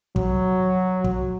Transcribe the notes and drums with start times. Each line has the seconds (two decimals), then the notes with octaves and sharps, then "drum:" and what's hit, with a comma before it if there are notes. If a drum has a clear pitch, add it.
0.16 F#3, drum: kick
1.04 drum: kick